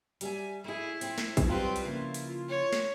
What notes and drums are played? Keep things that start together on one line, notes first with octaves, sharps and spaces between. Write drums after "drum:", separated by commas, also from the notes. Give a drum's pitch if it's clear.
G3 E5 G#5, drum: hi-hat
A3 E4 G#4
C4 F4, drum: hi-hat
drum: snare
drum: kick, hi-hat
F#3 G3 C4 F4 B4
drum: hi-hat
C#3 F3 A#3 E4
drum: hi-hat
C#5
drum: snare